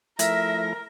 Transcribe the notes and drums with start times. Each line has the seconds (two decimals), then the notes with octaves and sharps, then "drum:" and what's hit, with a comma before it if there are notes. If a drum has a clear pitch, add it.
0.19 F3 A3 E4 A#4 E5 A#6, drum: hi-hat